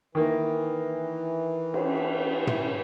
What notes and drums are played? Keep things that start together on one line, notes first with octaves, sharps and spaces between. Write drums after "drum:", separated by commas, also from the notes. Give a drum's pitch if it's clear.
D#3 E3 A#3
drum: cymbal
drum: tom